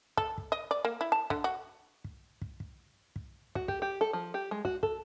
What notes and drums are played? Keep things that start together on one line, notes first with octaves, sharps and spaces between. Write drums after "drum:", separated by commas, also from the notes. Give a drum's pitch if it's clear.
A4, drum: kick
drum: kick
D#5
D5
A#3
E4
A5
D3, drum: kick
F#4
drum: kick
drum: kick
drum: kick
drum: kick
F#4, drum: kick
G4, drum: kick
G4
A4
F3
G4
G#3
F#4, drum: kick
A4, drum: kick